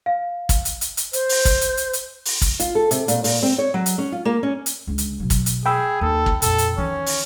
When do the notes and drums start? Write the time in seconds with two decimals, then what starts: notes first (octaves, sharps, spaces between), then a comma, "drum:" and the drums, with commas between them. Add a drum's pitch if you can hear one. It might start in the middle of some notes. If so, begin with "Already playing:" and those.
0.06 F5
0.49 drum: kick, hi-hat
0.65 drum: hi-hat
0.81 drum: hi-hat
0.97 drum: hi-hat
1.13 C5, drum: hi-hat
1.29 drum: open hi-hat
1.45 drum: kick, hi-hat
1.61 drum: hi-hat
1.77 drum: hi-hat
1.93 drum: hi-hat
2.25 drum: open hi-hat
2.41 drum: kick, hi-hat
2.60 F4, drum: hi-hat
2.75 A4
2.91 C3, drum: hi-hat
3.08 A#2, drum: hi-hat
3.24 A#2, drum: open hi-hat
3.43 C4
3.58 C#5
3.74 F#3
3.86 drum: hi-hat
3.98 C#4
4.12 F4
4.25 A#3
4.43 C#4
4.66 drum: hi-hat
4.87 C#2 D3
4.98 drum: hi-hat
5.20 B2 F#3
5.30 drum: kick, hi-hat
5.46 drum: hi-hat
5.66 G#4 G5 B5 E6
6.01 D#2 A4
6.26 drum: kick
6.42 F2 A#2 A4, drum: hi-hat
6.58 drum: hi-hat
6.78 D#3 E3 C#4
7.06 drum: open hi-hat